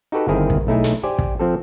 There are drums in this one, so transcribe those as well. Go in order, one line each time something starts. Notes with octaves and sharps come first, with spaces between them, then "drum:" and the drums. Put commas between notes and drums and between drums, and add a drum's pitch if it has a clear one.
D#4 F#4 G4 A4 B4
G1 D#3 C4 E4 G#4 A#4
drum: kick
B1 A3 D#4 E4 G#4
drum: snare
G4 C5 D5 G#5
drum: kick
F3 C4 A4